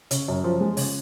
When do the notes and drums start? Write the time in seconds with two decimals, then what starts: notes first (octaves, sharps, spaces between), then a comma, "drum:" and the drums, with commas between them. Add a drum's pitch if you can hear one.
0.11 C#3, drum: hi-hat
0.28 F#2
0.44 F3
0.61 G#3
0.77 C#3, drum: open hi-hat